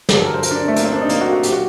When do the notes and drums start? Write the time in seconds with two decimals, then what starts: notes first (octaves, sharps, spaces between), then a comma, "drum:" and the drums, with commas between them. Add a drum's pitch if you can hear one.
0.09 G2 D3 F#3 G4, drum: snare
0.18 A4
0.26 A#4
0.34 C5
0.43 A#4, drum: hi-hat
0.51 D4
0.59 C4
0.68 A3
0.76 A#3, drum: hi-hat
0.85 C4
0.92 D4
1.01 D#4
1.09 A#3, drum: hi-hat
1.21 F#4
1.33 F#4
1.43 A#2 F#3 G4, drum: hi-hat
1.52 F#4